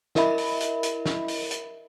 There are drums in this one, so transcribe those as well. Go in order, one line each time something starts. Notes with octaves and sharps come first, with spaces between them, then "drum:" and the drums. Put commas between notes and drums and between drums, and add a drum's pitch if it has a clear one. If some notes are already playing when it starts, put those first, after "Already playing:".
E4 A#4 D#5 E5 B5, drum: snare
drum: open hi-hat
drum: hi-hat
drum: hi-hat
drum: snare
drum: open hi-hat
drum: hi-hat